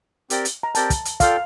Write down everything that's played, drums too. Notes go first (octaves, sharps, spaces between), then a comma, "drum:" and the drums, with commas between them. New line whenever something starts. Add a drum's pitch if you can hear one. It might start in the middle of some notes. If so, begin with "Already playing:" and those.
C4 G4 A#4 D5 G5, drum: hi-hat
drum: hi-hat
A#5
C4 G4 A#4 D5 G5 A5, drum: hi-hat
drum: kick, hi-hat
drum: hi-hat
F4 A4 D5 F5 G5, drum: kick, hi-hat